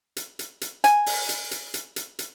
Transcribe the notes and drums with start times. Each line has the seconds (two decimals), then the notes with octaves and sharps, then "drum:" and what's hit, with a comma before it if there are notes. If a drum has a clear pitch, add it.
0.16 drum: hi-hat
0.39 drum: hi-hat
0.61 drum: hi-hat
0.84 G#5, drum: hi-hat
1.06 drum: open hi-hat
1.29 drum: hi-hat
1.51 drum: hi-hat
1.74 drum: hi-hat
1.96 drum: hi-hat
2.19 drum: hi-hat